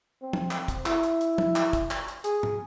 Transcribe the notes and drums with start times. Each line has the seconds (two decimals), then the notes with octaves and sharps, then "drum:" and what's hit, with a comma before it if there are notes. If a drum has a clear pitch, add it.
0.22 C4
0.33 drum: tom
0.51 drum: clap
0.68 drum: kick, hi-hat
0.86 E4, drum: clap
1.03 drum: hi-hat
1.21 drum: hi-hat
1.38 drum: tom
1.56 drum: clap
1.73 drum: kick, hi-hat
1.91 drum: clap
2.08 drum: hi-hat
2.24 G#4, drum: hi-hat
2.43 drum: tom